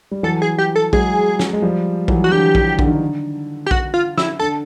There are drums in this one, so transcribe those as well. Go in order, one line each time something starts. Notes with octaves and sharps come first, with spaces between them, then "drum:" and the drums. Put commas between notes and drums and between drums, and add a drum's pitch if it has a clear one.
G3
E3 F#3 A4
G#4
G4
A4
F#3 G#3 G#4, drum: kick A#1
drum: snare
G#3
F3 G3
E3 F#3, drum: kick A#1
F#4
D3 E3 G4
D3 E3, drum: kick A#1
D3, drum: kick A#1
D#3
D3
G4
F#4, drum: kick A#1
F4
E4, drum: snare
D3 A4